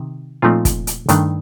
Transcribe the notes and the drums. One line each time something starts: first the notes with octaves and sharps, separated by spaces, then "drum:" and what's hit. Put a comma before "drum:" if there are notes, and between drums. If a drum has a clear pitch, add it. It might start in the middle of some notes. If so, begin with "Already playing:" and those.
Already playing: C3 D#3
A#2 F3 A3 C4 D#4 F4
drum: kick, hi-hat
drum: hi-hat
G2 D#3 A3 D4, drum: hi-hat